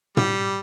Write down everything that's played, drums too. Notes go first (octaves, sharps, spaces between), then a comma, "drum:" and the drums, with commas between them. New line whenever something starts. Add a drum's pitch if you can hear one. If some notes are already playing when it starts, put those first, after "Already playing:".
G3, drum: tom